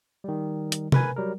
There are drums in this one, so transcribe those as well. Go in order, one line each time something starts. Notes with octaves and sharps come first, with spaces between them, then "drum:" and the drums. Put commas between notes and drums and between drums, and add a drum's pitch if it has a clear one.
D#3 G3
drum: hi-hat
A#4 B4 G#5, drum: tom C3
F#3 G3 A#4